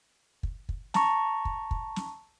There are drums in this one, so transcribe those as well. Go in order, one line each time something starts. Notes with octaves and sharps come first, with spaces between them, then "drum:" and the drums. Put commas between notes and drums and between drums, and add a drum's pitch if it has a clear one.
drum: kick
drum: kick
A5 A#5 C#6, drum: snare
drum: kick
drum: kick
drum: snare